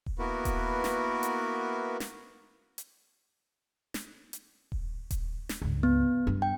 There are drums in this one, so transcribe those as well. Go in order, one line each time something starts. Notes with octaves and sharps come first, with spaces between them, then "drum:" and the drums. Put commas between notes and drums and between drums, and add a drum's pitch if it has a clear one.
drum: kick D#1
A#3 B3 E4 F#4 A#4 B4
drum: kick D#1, hi-hat
drum: snare
drum: hi-hat
drum: snare
drum: hi-hat
drum: snare
drum: hi-hat
drum: kick D#1
drum: kick D#1, hi-hat
drum: snare
C#2 G2
B3
G2
G5